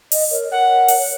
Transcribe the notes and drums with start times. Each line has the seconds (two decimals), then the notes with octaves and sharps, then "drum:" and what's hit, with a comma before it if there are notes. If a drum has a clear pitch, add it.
0.12 D#5, drum: open hi-hat
0.31 A#4 C#5
0.51 A#4 F#5
0.88 drum: open hi-hat